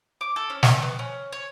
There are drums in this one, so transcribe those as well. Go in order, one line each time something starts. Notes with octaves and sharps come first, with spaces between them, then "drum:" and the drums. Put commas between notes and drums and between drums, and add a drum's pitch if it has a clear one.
D6
A4
C#4
C#6, drum: snare
B3
C#4
C#5